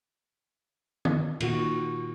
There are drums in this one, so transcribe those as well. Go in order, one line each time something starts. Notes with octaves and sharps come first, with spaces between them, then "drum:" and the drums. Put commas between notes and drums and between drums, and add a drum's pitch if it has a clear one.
drum: tom D#3
A#2 D#3 F#4, drum: cymbal